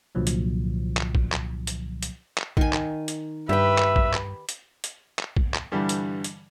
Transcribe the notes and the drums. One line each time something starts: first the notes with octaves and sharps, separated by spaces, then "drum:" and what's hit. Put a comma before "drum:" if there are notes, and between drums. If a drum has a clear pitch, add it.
C2 A#2 D3 F3 F#3
drum: hi-hat
drum: clap
drum: kick
drum: clap
drum: hi-hat
drum: hi-hat
drum: clap
D#3 G#5, drum: kick
drum: clap
drum: hi-hat
G2 G4 B4 E5 G5
drum: clap
drum: kick
drum: clap
drum: hi-hat
drum: hi-hat
drum: clap
drum: kick
drum: clap
G2 D3 E3 G3
drum: hi-hat
drum: hi-hat